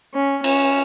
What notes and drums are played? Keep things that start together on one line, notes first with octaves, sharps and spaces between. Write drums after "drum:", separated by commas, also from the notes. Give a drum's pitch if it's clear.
C#4
C#4, drum: cymbal